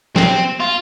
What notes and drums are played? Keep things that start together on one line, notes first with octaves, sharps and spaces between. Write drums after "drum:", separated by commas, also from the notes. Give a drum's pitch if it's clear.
C4, drum: snare
F4